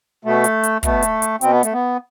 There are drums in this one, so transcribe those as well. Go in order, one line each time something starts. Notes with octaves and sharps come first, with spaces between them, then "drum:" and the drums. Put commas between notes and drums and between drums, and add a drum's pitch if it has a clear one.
B2 A3
drum: hi-hat
drum: hi-hat
B2 A3, drum: kick, hi-hat
drum: hi-hat
drum: hi-hat
B2 C4, drum: hi-hat
B3
A3, drum: hi-hat
B3